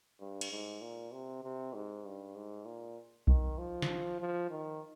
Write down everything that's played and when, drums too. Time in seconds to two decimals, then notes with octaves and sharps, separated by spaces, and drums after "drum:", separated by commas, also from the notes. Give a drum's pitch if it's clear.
0.20 G2
0.41 drum: cymbal
0.51 G#2
0.81 A#2
1.12 C3
1.43 C3
1.74 G#2
2.05 G2
2.35 G#2
2.65 A#2
3.27 D#3, drum: kick B1
3.58 F3
3.82 drum: snare
4.20 F3
4.50 D#3